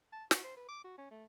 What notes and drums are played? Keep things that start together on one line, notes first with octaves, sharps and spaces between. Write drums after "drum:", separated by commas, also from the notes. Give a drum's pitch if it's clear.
A5
F#4, drum: snare
C5
B4
D6
F#4
C#4
A3